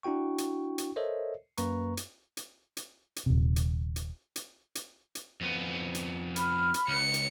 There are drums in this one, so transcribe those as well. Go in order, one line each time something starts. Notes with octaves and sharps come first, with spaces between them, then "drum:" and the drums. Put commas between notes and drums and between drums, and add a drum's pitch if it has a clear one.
D4 E4 F#4 G5 C#6
drum: hi-hat
drum: hi-hat
A4 A#4 C5 C#5 D#5 E5
F#2 A#3 B4 A#5 C#6, drum: hi-hat
drum: hi-hat
drum: hi-hat
drum: hi-hat
drum: hi-hat
D#1 C3
drum: hi-hat
drum: hi-hat
drum: hi-hat
drum: hi-hat
drum: hi-hat
F2 B3
drum: hi-hat
B5 F6, drum: hi-hat
drum: hi-hat
C#2 C#7
drum: hi-hat